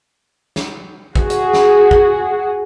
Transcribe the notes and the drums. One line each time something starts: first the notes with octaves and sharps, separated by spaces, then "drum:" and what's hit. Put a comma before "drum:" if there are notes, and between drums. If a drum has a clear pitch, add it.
drum: snare
F#4 G#4, drum: kick
drum: hi-hat
drum: snare
drum: kick